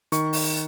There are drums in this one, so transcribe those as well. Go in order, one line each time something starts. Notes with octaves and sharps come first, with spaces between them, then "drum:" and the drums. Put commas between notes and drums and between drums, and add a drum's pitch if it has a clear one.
D#3 C#6, drum: hi-hat
drum: open hi-hat